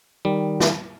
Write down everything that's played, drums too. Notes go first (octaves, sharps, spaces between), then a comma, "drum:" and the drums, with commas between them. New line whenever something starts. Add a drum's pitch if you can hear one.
D#3 G3
drum: snare